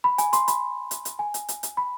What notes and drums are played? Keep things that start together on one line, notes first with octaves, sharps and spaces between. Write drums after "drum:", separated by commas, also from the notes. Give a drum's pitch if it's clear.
B5
G#5, drum: hi-hat
C6, drum: hi-hat
B5, drum: hi-hat
drum: hi-hat
drum: hi-hat
G#5
drum: hi-hat
drum: hi-hat
drum: hi-hat
B5